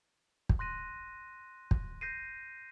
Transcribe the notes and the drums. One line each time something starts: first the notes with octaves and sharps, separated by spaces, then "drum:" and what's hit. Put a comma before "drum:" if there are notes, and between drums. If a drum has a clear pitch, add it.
drum: kick
C6 F#6 A#6 D#7
drum: kick
G6 A#6 C7 D#7